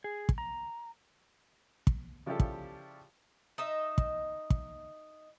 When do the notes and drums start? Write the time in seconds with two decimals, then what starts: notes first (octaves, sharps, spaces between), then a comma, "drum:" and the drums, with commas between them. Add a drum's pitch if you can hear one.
0.04 G#4
0.29 drum: kick
0.38 A#5
1.87 drum: kick
2.26 C#3 F3 G3 E4 G4 A4
2.40 drum: kick
3.58 D#4 D#5 E5
3.98 drum: kick
4.50 drum: kick